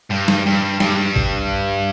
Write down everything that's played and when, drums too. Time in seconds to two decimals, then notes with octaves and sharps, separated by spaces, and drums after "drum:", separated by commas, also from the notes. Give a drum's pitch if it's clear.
0.10 G2
0.28 drum: snare
0.46 G2
0.80 G2, drum: snare
1.16 drum: kick G#1